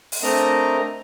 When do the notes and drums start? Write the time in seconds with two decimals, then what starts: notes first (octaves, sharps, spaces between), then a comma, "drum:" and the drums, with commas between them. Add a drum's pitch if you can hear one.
0.12 drum: open hi-hat
0.23 A3 C4 D4 A#4 D#5 A#5